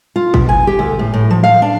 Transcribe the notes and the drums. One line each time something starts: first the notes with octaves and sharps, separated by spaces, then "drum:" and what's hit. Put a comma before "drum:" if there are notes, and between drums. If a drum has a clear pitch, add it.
F4
B2, drum: kick
G#5
G4
D2
A2
A2
F3
F5
D4